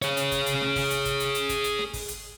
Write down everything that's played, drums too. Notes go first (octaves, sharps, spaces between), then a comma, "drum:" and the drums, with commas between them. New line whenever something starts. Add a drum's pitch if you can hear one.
G#4 C#5, drum: hi-hat
drum: hi-hat
drum: kick, hi-hat
drum: hi-hat
drum: snare
drum: kick, open hi-hat
drum: hi-hat
drum: kick, hi-hat
drum: hi-hat
drum: hi-hat
drum: kick, hi-hat
drum: hi-hat
drum: snare
drum: kick, open hi-hat
drum: hi-hat